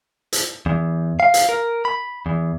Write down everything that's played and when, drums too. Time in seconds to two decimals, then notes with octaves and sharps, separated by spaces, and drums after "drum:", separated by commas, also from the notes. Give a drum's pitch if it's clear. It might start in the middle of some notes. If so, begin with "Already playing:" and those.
0.33 drum: hi-hat
0.66 E2
1.20 F5
1.34 drum: hi-hat
1.49 A#4
1.85 B5
2.26 E2